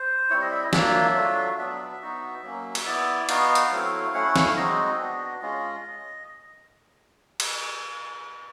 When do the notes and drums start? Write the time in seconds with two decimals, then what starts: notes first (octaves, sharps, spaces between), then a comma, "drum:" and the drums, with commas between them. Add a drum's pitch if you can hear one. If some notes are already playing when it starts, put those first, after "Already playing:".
Already playing: C5
0.30 G3 C4 E4 C#5
0.41 D#5
0.52 E5
0.62 D#5
0.73 F#3 A#3 D4 F4 E5, drum: snare
1.16 F#3 A3 D4 F4
1.58 F#3 B3 D4 E5
2.01 B3 D#4 F#4
2.43 F#3 A#3 C#4
2.75 drum: cymbal
2.86 B3 E4 D5
3.29 B3 D#4 F#4 F5, drum: cymbal
3.55 drum: hi-hat
3.71 F#3 A3 C4 E4
4.14 A3 C#4 E4 F#5
4.36 F5, drum: snare
4.56 G#3 C4 D#4 F#4 D#5
4.99 B3 D4 F#4
5.42 G#3 C#4 F4
7.40 drum: cymbal